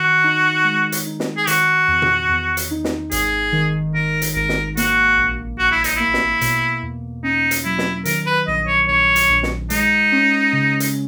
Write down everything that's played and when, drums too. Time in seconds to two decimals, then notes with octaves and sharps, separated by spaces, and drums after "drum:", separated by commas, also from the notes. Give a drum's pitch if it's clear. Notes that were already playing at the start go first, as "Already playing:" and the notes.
Already playing: D#3 F#4
0.24 D#4
0.64 G#3
0.92 drum: hi-hat
1.06 D#4
1.20 drum: snare
1.37 G#4
1.47 D#3 F#4, drum: hi-hat
1.88 E2
2.02 drum: tom A#2
2.29 E2
2.57 drum: hi-hat
2.71 D#4
2.84 drum: snare
3.11 G#1 G#4, drum: hi-hat
3.52 D#3
3.95 D#3 A#4
4.22 drum: hi-hat
4.35 G#1 A#4
4.49 drum: snare
4.77 A#3 F#4, drum: hi-hat
5.17 A#1
5.59 A#1 F#4
5.72 E4
5.84 D#4, drum: hi-hat
5.96 A#3 E4
6.14 drum: snare
6.41 B2, drum: hi-hat
6.82 E2
7.23 C#4 D#4
7.51 drum: hi-hat
7.65 F#3 E4
7.78 drum: snare
8.05 D#3 A#4, drum: hi-hat
8.26 B4
8.47 A#1 D#5
8.67 C#5
8.88 A#1 C#5
9.16 drum: hi-hat
9.29 A#1
9.43 drum: snare
9.70 G#3 D#4, drum: hi-hat
10.12 C#4
10.53 C#3
10.80 drum: hi-hat